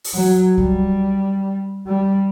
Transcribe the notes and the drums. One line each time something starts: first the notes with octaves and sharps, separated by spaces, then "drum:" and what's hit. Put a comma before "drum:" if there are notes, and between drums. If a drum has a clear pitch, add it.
drum: open hi-hat
F#3
G3, drum: kick C2
G3